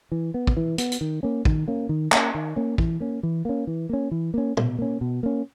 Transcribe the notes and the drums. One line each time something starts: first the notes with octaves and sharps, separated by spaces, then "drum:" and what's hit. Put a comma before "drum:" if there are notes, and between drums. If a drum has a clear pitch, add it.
E3
B3
drum: kick
E3
B3, drum: hi-hat
drum: hi-hat
D#3
A#3 C#4
D#3, drum: kick
A#3 C#4
D#3
A#3 C#4, drum: clap
D#3
A#3 C#4
E3, drum: kick
A#3 C#4
E3
A#3 C#4
E3
A#3 C#4
E3
A#3 C#4
B2, drum: tom
A#3 C#4
B2
A#3 C#4